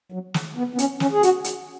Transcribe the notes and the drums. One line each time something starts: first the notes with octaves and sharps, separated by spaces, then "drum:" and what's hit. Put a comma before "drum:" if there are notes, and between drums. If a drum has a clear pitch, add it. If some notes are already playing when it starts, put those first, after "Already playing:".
F#3
drum: snare
B3
B3
C#4, drum: hi-hat
C#4, drum: snare
G#4
F#4, drum: hi-hat
drum: hi-hat